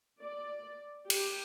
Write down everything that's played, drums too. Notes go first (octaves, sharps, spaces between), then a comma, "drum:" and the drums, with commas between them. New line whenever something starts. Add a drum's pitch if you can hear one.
D5
G4, drum: cymbal